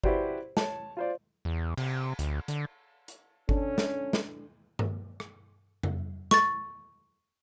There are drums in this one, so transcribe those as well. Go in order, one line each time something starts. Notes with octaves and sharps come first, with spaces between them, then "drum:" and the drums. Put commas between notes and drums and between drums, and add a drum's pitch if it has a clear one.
E4 F#4 G4 B4 C5 D5, drum: kick G1
C#5 A5, drum: snare
F4 C5 D5
E2
C3, drum: cymbal
D2, drum: hi-hat
D3, drum: hi-hat
drum: hi-hat
C#4 D4 A4, drum: kick G1
drum: snare
drum: snare
drum: tom G2
drum: rim click
drum: tom F2
C#6 A6, drum: snare